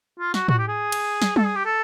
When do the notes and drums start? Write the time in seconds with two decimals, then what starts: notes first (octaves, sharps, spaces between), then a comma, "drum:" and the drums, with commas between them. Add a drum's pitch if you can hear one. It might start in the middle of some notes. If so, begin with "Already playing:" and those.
0.19 F4
0.34 F#4, drum: snare
0.48 F#4, drum: tom A2
0.59 G4
0.68 G#4
0.92 drum: cymbal
1.22 drum: snare
1.36 A4, drum: tom G3
1.46 G#4
1.56 G4
1.65 A4